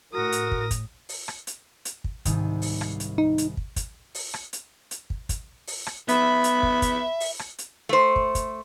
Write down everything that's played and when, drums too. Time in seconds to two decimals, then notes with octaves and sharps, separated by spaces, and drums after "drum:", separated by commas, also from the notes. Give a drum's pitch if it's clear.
0.13 A2 F#4 A#4 D#6 A#6
0.32 drum: hi-hat
0.51 drum: kick
0.71 drum: kick, hi-hat
1.09 drum: open hi-hat
1.28 drum: rim click
1.47 drum: hi-hat
1.85 drum: hi-hat
2.04 drum: kick
2.25 C2 G#2 D#3, drum: kick, hi-hat
2.62 drum: open hi-hat
2.81 F5, drum: rim click
3.00 drum: hi-hat
3.18 D#4
3.38 drum: hi-hat
3.57 drum: kick
3.76 drum: kick, hi-hat
4.15 drum: open hi-hat
4.34 drum: rim click
4.53 drum: hi-hat
4.91 drum: hi-hat
5.10 drum: kick
5.29 drum: kick, hi-hat
5.67 drum: open hi-hat
5.87 drum: rim click
6.08 B3 E5 B5, drum: hi-hat
6.44 drum: hi-hat
6.63 drum: kick
6.82 drum: kick, hi-hat
7.20 drum: open hi-hat
7.39 drum: rim click
7.58 drum: hi-hat
7.89 A3 C5
8.16 drum: kick
8.35 drum: kick, hi-hat